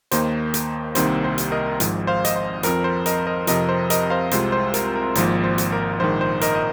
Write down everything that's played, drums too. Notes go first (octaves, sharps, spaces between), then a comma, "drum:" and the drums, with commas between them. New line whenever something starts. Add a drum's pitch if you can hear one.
D#2 D#3 A#3 D#4 C5, drum: hi-hat
drum: hi-hat
C2 C3 D#3 A#3 C5, drum: hi-hat
C5
drum: hi-hat
A#4 D#5
G#1 G#2 F3, drum: hi-hat
C5 F5
D#5, drum: hi-hat
C5
F2 F3 C4 A#4, drum: hi-hat
C5
A#4 D#5, drum: hi-hat
A#4 D#5
F2 C3 F3 A#4 D#5, drum: hi-hat
C5
A#4 D#5, drum: hi-hat
C5 F5
C2 C3 G#3 F4 C5, drum: hi-hat
C5
A#4, drum: hi-hat
A#4
G#1 G#2 F3 A#3 C5, drum: hi-hat
C5
drum: hi-hat
A#4
A#1 G#2 D#3 C5
C5
A#4 D#5, drum: hi-hat
D#5